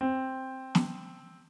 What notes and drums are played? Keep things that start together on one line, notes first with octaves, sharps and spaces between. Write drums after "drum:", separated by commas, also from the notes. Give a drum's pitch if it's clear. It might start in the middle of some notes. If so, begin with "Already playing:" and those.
C4
drum: snare